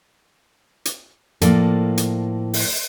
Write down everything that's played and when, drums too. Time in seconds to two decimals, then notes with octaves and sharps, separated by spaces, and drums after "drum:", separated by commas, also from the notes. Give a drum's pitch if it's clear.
0.85 drum: hi-hat
1.41 A2 F3 A#3 A4 D5, drum: hi-hat
1.97 drum: hi-hat
2.54 drum: open hi-hat